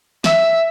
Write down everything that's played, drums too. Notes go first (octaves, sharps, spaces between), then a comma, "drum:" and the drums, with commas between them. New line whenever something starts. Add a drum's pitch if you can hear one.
E5, drum: snare